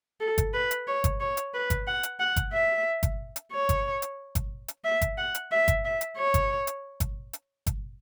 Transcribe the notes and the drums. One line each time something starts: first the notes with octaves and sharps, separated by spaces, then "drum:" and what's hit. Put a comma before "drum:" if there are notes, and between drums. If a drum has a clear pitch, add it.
A4
drum: kick G1, hi-hat
B4
drum: hi-hat
C#5
drum: kick G1, hi-hat
C#5
drum: hi-hat
B4
drum: kick G1, hi-hat
F#5
drum: hi-hat
F#5
drum: kick G1, hi-hat
E5
drum: kick G1, hi-hat
drum: hi-hat
C#5
drum: kick G1, hi-hat
drum: hi-hat
drum: kick G1, hi-hat
drum: hi-hat
E5
drum: kick G1, hi-hat
F#5
drum: hi-hat
E5
drum: kick G1, hi-hat
E5
drum: hi-hat
C#5
drum: kick G1, hi-hat
drum: hi-hat
drum: kick G1, hi-hat
drum: hi-hat
drum: kick G1, hi-hat